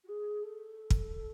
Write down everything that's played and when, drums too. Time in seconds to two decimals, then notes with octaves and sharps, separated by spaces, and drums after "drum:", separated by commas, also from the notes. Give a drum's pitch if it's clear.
0.03 F#4
0.08 G#4
0.43 A4
0.90 drum: kick